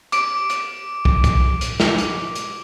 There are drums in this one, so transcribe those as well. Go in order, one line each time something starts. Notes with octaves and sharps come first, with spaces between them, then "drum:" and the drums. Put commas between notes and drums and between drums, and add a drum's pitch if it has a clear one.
D6 D7, drum: hi-hat
drum: hi-hat
drum: kick
drum: kick, hi-hat
drum: hi-hat
drum: snare
drum: hi-hat
drum: hi-hat